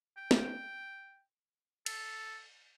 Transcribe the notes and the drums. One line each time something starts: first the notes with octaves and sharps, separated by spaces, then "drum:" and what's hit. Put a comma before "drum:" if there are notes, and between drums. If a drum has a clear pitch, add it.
G5
drum: snare
A4, drum: cymbal